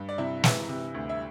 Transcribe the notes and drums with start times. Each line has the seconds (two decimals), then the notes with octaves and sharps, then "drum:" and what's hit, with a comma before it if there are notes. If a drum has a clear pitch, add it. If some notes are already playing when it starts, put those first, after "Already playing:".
Already playing: G2
0.09 D5
0.18 C3 E4 E5
0.44 E3, drum: snare
0.69 C3
0.94 D2
1.09 E5